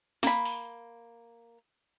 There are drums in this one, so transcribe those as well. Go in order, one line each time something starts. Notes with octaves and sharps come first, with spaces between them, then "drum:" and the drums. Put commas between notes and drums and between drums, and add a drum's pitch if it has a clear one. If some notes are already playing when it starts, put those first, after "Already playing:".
A#3 B5, drum: snare
drum: open hi-hat